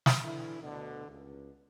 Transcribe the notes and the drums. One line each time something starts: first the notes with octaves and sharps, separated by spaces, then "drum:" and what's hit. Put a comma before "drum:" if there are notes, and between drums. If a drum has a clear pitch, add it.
drum: snare
D3 E3 E4
D2 B2 D3
C#2